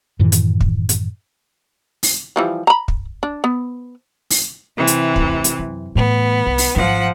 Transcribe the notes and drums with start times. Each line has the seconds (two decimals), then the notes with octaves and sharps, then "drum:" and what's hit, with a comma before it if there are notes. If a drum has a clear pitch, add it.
0.19 F#2 A2 D#3 E3
0.32 drum: hi-hat
0.60 drum: kick
0.89 drum: hi-hat
2.03 drum: open hi-hat
2.36 E3 F3 G3
2.67 A#5 B5
2.88 drum: kick
3.23 D4
3.44 B3
4.30 drum: open hi-hat
4.76 C3 E3
4.87 drum: hi-hat
5.16 D2, drum: kick
5.44 drum: hi-hat
5.59 F#2
5.95 A2 E3 B3
6.46 C2
6.58 drum: open hi-hat
6.76 G#1 F3 B3 F#5